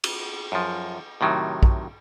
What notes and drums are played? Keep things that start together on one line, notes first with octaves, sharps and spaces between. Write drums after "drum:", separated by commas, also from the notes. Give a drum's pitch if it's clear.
drum: cymbal
F#2 F3
A2 C3 D#3 F#3
drum: kick A#1